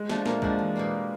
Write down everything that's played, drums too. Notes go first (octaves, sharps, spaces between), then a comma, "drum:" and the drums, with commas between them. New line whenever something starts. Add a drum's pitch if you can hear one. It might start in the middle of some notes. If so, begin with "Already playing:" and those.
Already playing: G#3
F3 A3 D4 F#4, drum: snare
A#2 A#3, drum: snare
F3 G#3 A3 D4 F#4, drum: kick
E2
B2 G3 A#3